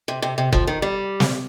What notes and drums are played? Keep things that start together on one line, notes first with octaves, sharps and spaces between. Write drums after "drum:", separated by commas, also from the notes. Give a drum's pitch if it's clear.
C3
C3
C3
F3, drum: kick F#1
D#3
G3
drum: snare